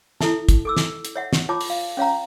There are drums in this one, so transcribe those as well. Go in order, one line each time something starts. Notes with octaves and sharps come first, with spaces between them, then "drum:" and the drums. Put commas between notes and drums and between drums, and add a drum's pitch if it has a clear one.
E4 A4 E5 A5, drum: snare
drum: kick, hi-hat
A4 D6 E6
drum: snare
drum: hi-hat
C#5 E5 F#5
drum: snare
F4 C#5 A5 D6
drum: open hi-hat
F5
C#4 C#5 F5 A#5